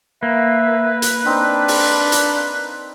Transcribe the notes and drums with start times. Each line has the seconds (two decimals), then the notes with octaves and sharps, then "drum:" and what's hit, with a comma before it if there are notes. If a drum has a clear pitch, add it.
0.23 A#3 B4 E5
1.02 drum: hi-hat
1.26 C4 D4 D#4 D#5
1.68 drum: open hi-hat
2.12 drum: hi-hat